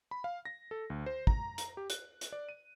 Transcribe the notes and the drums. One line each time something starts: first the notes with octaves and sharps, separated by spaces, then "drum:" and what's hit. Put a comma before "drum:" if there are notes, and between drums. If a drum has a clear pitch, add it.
B5
F5
A#6
A4
D2
C5
A#5, drum: kick
drum: hi-hat
G4
F#6, drum: hi-hat
drum: hi-hat
D5
D#7